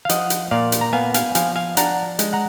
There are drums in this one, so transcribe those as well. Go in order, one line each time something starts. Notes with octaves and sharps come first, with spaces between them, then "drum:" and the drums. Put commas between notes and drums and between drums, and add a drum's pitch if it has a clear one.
F5
F3 D#5 F#5, drum: hi-hat
drum: hi-hat
A#2 D5 F5
drum: hi-hat
A#5
B3 F5 G#5
F5 G#5, drum: hi-hat
F3 F5 G#5, drum: hi-hat
F5 G#5
D4 F#5 A#5, drum: hi-hat
G#3, drum: hi-hat
F#5 A#5